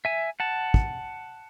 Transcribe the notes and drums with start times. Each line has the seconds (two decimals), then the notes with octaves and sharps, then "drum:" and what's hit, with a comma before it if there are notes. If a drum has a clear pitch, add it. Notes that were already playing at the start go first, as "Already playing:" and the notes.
0.05 E5 G#5
0.40 F#5 A5
0.74 drum: kick